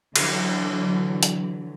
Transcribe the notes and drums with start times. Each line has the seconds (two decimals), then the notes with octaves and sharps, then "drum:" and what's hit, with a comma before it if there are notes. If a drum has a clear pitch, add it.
0.16 D3 E3 F#3, drum: cymbal
1.23 drum: hi-hat